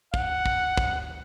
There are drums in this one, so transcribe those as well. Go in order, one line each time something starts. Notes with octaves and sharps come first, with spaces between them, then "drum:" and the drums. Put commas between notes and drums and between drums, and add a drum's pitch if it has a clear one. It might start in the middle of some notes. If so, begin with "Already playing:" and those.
F#5, drum: kick
drum: kick
drum: kick